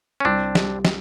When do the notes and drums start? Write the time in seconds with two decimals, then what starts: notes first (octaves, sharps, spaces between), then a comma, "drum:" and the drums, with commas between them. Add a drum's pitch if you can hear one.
0.20 C#4
0.25 C2 C4 D4
0.55 G3, drum: snare
0.85 drum: snare